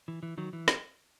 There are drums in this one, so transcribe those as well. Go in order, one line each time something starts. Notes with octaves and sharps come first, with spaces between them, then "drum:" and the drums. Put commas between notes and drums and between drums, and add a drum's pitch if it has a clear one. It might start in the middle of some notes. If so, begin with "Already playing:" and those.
E3
E3
D#3 F#3
E3
drum: snare